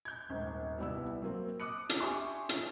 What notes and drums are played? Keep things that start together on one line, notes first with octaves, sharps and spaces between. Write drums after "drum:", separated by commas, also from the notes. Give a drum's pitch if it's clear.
G6 G#6
D#1 G#1
C2 G3 B3 E4 E6
F#3 A#3 C4
D6 D#6 F#6 C#7
drum: hi-hat
D4 G4 E5 G#5 C6 C#6
drum: hi-hat